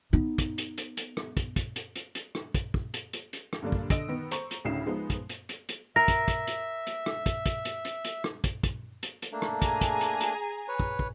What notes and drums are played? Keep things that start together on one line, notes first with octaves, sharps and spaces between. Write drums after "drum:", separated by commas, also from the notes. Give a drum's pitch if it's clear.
B3 D#4
drum: kick, hi-hat
drum: hi-hat
drum: hi-hat
drum: hi-hat
drum: rim click
drum: kick, hi-hat
drum: kick, hi-hat
drum: hi-hat
drum: hi-hat
drum: hi-hat
drum: rim click
drum: kick, hi-hat
drum: kick
drum: hi-hat
drum: hi-hat
drum: hi-hat
drum: rim click
G2 D3 A#3 D4
drum: kick
D3 D#5 E6 A#6 D7, drum: kick, hi-hat
D#3 B3
C5 A#5 C#6, drum: hi-hat
drum: hi-hat
D2 A2 C#3 D#4 C7 E7
F3 G#3 B3 D#4
drum: kick, hi-hat
drum: hi-hat
drum: hi-hat
drum: hi-hat
A#4 E5 A#6
drum: kick, hi-hat
drum: kick, hi-hat
drum: hi-hat
drum: hi-hat
drum: rim click
drum: kick, hi-hat
drum: kick, hi-hat
drum: hi-hat
drum: hi-hat
drum: hi-hat
drum: rim click
drum: kick, hi-hat
drum: kick, hi-hat
drum: hi-hat
drum: hi-hat
A3 A#3 D4
drum: rim click
G#4 G#5 A#5, drum: kick, hi-hat
drum: kick, hi-hat
drum: hi-hat
drum: hi-hat
B4 C#5
drum: kick
drum: kick